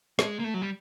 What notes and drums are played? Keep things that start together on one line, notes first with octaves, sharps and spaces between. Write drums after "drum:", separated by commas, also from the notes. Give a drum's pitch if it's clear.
G#3, drum: snare
A#3
A3
F#3
G3